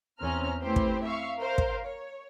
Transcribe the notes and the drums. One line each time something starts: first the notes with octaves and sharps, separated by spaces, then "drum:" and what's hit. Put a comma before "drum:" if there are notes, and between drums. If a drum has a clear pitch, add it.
E2 C4 C#4 A#5 F6
A3 C4 E4 G4 B4 C5
drum: kick
E5 F5 C#6
A#4 C5 F5
drum: kick
C#5